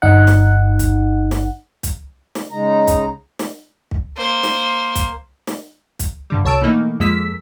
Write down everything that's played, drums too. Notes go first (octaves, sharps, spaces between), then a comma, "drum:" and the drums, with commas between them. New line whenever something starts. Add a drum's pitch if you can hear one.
G1 D#4 F#5
drum: snare
drum: kick, hi-hat
drum: snare
drum: kick, hi-hat
drum: snare
C#3 G#3 D#4 A#5
drum: kick, hi-hat
drum: snare
drum: kick
A#3 C5
drum: snare
drum: kick, hi-hat
drum: snare
drum: kick, hi-hat
G2 D3 G3
C2 C#5 A5 E6 D7
B2 E3 A3 A#3 D#4
F2 F3 G#3 A#3 E6 B6